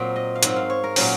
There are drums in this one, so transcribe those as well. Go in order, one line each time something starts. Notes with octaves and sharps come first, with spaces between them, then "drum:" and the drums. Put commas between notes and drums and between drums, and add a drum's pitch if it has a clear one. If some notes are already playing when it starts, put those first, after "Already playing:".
Already playing: A#2 F#3 C4
D#5
F5
G#2 F#3 C4 F#5, drum: hi-hat
F5
C#5
A#4
A#2 F#3 C#4 F#5, drum: open hi-hat